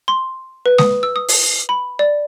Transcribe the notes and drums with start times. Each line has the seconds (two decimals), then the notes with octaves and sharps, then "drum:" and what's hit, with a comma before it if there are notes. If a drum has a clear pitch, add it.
0.08 C6
0.66 B4
0.78 D#6, drum: snare G#3
1.03 E6
1.16 D#6
1.28 drum: open hi-hat
1.69 B5
1.99 D5